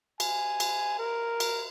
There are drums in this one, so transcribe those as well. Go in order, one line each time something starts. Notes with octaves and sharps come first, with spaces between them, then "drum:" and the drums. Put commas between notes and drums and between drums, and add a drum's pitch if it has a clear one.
G#5, drum: cymbal
drum: cymbal
A#4
drum: cymbal